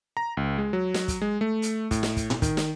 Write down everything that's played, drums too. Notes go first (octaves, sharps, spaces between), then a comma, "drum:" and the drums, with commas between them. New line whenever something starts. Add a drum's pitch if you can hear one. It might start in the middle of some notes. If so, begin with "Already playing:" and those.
A#5
C#2
G#3
F#3
drum: snare
drum: kick, hi-hat
G#3
A3
drum: hi-hat
A2, drum: kick, hi-hat
drum: snare
drum: kick, hi-hat
drum: tom A2
D#3, drum: kick, hi-hat
drum: snare